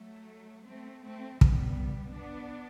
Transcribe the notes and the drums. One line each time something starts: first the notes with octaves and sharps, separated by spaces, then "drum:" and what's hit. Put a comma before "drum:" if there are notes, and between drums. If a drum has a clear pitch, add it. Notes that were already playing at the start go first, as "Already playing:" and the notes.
Already playing: F#3 A3
A3 C4
A3 C4
G3 B3, drum: kick
B3 D4